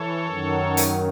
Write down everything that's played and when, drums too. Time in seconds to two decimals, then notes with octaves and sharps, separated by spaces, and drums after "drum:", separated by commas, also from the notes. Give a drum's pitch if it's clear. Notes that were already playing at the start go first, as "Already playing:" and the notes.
Already playing: E3 A4 C#5
0.27 F#2 D#3 F#3
0.77 drum: hi-hat